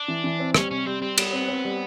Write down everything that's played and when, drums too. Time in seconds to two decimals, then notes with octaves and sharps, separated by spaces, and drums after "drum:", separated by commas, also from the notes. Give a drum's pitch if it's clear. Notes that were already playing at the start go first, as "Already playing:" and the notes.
Already playing: D4
0.08 E3
0.24 E3
0.39 C4
0.54 G3 C#4, drum: rim click
0.70 C3 C#4
0.86 G3 C4
1.01 G3 C4
1.18 G3 B3, drum: cymbal
1.32 C4
1.49 C4
1.65 G3